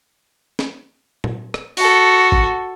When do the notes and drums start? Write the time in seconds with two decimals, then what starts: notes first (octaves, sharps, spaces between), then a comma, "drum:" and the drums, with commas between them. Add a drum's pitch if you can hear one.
0.59 drum: snare
1.24 drum: tom A#2
1.54 drum: rim click
1.77 F#4 A4, drum: open hi-hat
2.32 drum: kick